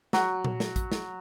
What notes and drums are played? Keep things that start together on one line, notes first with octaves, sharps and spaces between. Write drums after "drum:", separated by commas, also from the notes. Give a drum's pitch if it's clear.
F#3, drum: snare
drum: tom A#2
drum: snare
drum: kick, hi-hat
drum: snare